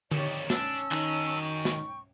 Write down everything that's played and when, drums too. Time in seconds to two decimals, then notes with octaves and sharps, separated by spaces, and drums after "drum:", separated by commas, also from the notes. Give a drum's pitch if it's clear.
0.11 F2 A#2 D#3 G4 C#5 D5, drum: tom D3
0.50 C#4 D4 A5 E6, drum: snare
0.92 D#3 F#4 G#5, drum: clap
1.41 G5 C#6
1.65 drum: snare